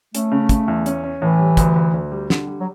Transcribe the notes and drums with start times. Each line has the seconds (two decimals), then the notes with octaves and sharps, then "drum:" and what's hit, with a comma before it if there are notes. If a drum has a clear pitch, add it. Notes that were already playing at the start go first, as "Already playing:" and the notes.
0.15 A3 C#4, drum: hi-hat
0.32 C#3
0.49 C#3, drum: kick, hi-hat
0.68 E2
0.86 C#4, drum: hi-hat
1.04 C#4
1.22 A2 E3
1.39 G3
1.57 D2, drum: kick, hi-hat
1.76 D2
1.93 D2
2.12 G3
2.30 D3, drum: snare
2.47 G3
2.59 F#3